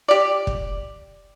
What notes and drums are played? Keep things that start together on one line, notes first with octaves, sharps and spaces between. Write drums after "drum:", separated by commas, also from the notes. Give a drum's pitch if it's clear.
G4 D5
drum: kick